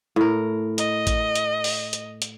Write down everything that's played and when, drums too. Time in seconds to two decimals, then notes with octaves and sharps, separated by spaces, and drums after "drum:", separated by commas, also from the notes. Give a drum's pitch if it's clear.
0.16 A2 A#4
0.78 D#5, drum: hi-hat
1.07 drum: kick A1, hi-hat
1.35 drum: hi-hat
1.64 drum: open hi-hat
1.93 drum: hi-hat
2.22 drum: hi-hat